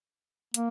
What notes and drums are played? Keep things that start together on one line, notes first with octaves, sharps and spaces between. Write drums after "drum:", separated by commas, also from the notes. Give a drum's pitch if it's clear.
A#3, drum: hi-hat